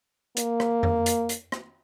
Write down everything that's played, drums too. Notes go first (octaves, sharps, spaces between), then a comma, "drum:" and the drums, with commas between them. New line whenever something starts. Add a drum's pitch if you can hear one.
A#3, drum: hi-hat
drum: rim click
drum: tom F2
drum: hi-hat
drum: hi-hat
drum: rim click